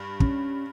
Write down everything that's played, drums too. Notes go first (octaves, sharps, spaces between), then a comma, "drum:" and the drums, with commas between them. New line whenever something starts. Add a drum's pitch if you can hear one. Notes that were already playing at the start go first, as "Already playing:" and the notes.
Already playing: G2 G3
C#4, drum: kick